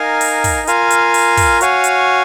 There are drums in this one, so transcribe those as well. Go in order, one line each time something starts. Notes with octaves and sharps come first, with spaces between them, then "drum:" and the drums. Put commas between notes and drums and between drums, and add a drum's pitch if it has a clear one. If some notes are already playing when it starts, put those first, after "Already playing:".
Already playing: D#4 A#4 F5 G#5
drum: open hi-hat
drum: kick, open hi-hat
F4 A#4 F5 G#5, drum: hi-hat
drum: hi-hat
drum: open hi-hat
drum: kick, open hi-hat
F#4 C#5 F5 G#5, drum: hi-hat
drum: hi-hat